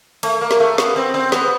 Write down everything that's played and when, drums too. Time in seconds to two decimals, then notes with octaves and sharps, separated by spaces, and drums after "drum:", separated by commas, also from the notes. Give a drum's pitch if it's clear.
0.23 A3, drum: cymbal
0.41 A#3
0.51 drum: snare
0.60 A3
0.78 B3, drum: snare
0.96 C4
1.14 C4
1.32 B3, drum: snare